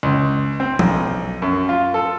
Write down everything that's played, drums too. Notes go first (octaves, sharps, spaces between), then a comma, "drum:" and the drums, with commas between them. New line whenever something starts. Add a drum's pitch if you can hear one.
C#2
C4
B1, drum: tom F3
F#2
F4
A4